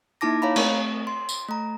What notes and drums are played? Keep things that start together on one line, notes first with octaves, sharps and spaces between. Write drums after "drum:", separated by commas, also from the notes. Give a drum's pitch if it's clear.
A#3 D#4 E4 A5 D6 A#6
C#5 F5 A#5 B5
A3 C4 C#6, drum: cymbal
C6
drum: tambourine
A3 A#5